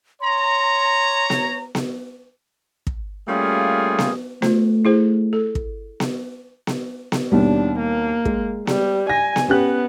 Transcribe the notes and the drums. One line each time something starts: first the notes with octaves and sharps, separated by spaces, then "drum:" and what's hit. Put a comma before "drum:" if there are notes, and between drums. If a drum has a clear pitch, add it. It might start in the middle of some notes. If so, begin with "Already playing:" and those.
C#5 A#5 C6
drum: snare B3
drum: snare B3
drum: kick
G3 A3 A#3 C#4 F4 G#4
drum: snare B3
A3 F4 C5, drum: snare B3
E4 G#4 C5
A4
drum: kick
drum: snare B3
drum: snare B3
drum: snare B3
D#2 B2 G3 D4
A#3
G#3, drum: kick
G3, drum: snare B3
G#5 A#6
drum: snare B3
B3 C#4 G4 F#6